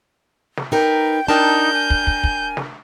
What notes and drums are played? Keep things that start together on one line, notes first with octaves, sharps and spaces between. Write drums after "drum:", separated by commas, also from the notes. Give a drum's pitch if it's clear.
drum: snare
D#4 A#4 B4 G5
D4 D#4 A#4 G5 A5 G6
G#5
drum: kick
drum: kick
drum: kick
drum: snare